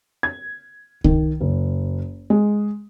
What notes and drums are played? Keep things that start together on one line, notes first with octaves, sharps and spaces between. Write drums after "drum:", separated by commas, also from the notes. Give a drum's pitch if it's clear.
G#6
D#3, drum: kick C2
F#1
G#3